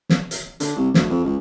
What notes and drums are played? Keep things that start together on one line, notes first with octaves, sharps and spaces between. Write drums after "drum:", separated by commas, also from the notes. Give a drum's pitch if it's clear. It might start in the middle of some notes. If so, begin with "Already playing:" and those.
drum: snare
drum: hi-hat
D3, drum: hi-hat
C2
D2, drum: snare
F2
C#2